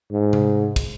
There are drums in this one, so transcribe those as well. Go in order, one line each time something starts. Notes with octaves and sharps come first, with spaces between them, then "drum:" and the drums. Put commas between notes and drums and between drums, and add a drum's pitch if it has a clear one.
G#2
drum: tom C3
drum: kick, cymbal